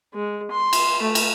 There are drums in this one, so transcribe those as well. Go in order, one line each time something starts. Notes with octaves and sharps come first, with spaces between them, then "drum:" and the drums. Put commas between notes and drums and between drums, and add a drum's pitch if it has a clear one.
G#3
C6
drum: cymbal
A3
drum: cymbal